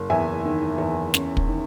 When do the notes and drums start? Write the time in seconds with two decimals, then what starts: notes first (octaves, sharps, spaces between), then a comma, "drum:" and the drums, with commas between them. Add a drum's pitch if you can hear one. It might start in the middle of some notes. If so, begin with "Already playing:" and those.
Already playing: F#1
0.10 E2 E5 G#5
0.45 D#3
0.78 E2
1.14 C#4, drum: snare
1.37 drum: kick
1.48 D#3